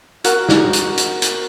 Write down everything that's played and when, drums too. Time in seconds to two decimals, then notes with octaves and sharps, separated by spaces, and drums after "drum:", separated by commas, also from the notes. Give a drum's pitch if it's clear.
0.24 F#4 A#4 F#5, drum: hi-hat
0.49 drum: snare
0.73 drum: hi-hat
0.97 drum: hi-hat
1.22 drum: hi-hat